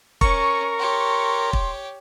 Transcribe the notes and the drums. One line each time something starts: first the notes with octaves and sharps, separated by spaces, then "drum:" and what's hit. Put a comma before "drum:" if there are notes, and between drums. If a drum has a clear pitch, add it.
C#4 A#4 C#6, drum: kick
G4 C#5 C6
drum: kick